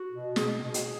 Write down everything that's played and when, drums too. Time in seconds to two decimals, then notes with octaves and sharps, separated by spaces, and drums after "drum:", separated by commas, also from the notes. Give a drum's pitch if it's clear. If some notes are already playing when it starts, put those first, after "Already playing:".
Already playing: F#4
0.11 B2
0.36 B2 G#4, drum: snare
0.62 B2
0.74 drum: hi-hat